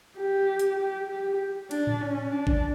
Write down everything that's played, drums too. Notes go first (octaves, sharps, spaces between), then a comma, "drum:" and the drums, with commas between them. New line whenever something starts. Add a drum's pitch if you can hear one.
G4
drum: hi-hat
G4
G4
D4, drum: cymbal
drum: tom A2
C#4
D4
drum: kick G#1